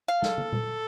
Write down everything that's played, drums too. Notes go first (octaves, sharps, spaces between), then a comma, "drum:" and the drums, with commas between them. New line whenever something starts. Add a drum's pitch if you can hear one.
F5
A4, drum: snare
drum: tom
drum: tom A#2